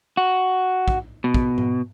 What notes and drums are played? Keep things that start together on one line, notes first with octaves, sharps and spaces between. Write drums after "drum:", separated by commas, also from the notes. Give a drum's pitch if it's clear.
F#4
drum: kick
B2
drum: kick
drum: tom G#2